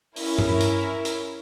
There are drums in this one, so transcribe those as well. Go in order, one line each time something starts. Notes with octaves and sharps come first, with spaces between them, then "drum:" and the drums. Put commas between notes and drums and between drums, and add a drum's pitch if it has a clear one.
C#4 E4 A#4, drum: open hi-hat
drum: tom G2
drum: hi-hat
drum: hi-hat